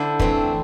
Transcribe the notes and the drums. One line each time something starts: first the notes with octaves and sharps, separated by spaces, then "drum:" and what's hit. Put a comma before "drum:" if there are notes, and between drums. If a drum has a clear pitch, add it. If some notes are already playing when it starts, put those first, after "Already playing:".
Already playing: D3 E4 A4 C5
E3 A3 C4, drum: kick